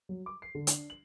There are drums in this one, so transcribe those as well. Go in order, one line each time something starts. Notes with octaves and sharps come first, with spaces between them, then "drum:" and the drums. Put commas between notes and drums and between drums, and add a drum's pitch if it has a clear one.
F#3
D6
C7
D3
D4, drum: hi-hat
F#7